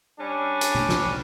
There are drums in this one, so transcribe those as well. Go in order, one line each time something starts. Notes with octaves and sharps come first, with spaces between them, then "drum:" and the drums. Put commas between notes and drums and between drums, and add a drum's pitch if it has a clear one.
G3 C#4 D4
drum: hi-hat
drum: tom C3
drum: snare